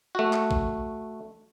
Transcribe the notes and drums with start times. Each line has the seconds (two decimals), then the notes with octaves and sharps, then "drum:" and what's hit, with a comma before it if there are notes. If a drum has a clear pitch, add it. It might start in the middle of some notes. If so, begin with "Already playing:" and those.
0.15 A3 F#4
0.33 drum: clap
0.51 drum: kick